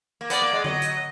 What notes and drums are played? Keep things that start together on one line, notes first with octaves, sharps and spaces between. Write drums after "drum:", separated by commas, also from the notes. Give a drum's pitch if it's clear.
A#3
B3 D5, drum: hi-hat
A#3
G#3
F#3 D#5, drum: tom D3
drum: hi-hat